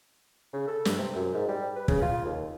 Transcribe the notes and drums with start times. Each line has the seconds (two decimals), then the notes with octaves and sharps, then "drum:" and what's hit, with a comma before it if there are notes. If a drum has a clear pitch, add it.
0.53 C#3
0.67 A4
0.85 G2, drum: snare
0.99 C3
1.15 F#2
1.34 G#2
1.48 G3
1.76 B4
1.88 C#3, drum: kick
2.02 F4
2.25 D#2